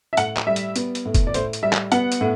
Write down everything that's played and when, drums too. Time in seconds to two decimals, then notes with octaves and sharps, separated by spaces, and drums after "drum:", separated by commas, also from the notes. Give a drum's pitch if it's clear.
0.13 E5
0.17 A2 F#5, drum: hi-hat
0.37 drum: clap
0.47 G3 E5
0.56 drum: hi-hat
0.76 B3, drum: hi-hat
0.95 drum: hi-hat
1.05 A2
1.14 drum: kick, hi-hat
1.27 D5
1.34 A2 C5, drum: hi-hat
1.53 drum: hi-hat
1.62 G3 E5
1.73 drum: clap
1.92 B3 F#5, drum: hi-hat
2.12 drum: hi-hat
2.21 A2